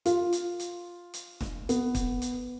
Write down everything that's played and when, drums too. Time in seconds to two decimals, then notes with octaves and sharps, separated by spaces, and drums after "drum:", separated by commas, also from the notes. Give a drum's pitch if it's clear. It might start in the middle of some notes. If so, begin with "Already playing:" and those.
0.06 F4, drum: hi-hat
0.33 drum: hi-hat
0.60 drum: hi-hat
1.14 drum: hi-hat
1.41 drum: snare E1
1.69 B3, drum: hi-hat
1.95 drum: kick, hi-hat
2.22 drum: hi-hat